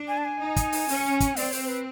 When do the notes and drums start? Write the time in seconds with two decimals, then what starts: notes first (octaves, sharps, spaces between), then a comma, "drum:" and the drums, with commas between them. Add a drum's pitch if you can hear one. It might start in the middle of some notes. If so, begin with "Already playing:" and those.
Already playing: D4
0.08 G#5
0.17 A5
0.25 G#5
0.40 D#4
0.56 drum: kick, hi-hat
0.72 drum: open hi-hat
0.89 C#4, drum: open hi-hat
1.20 drum: kick, hi-hat
1.36 C4 D5, drum: open hi-hat
1.52 C5, drum: open hi-hat
1.64 C5
1.68 B4